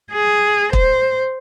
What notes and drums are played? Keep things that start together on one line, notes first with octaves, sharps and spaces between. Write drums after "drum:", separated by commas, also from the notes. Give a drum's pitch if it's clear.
G#4
C5, drum: kick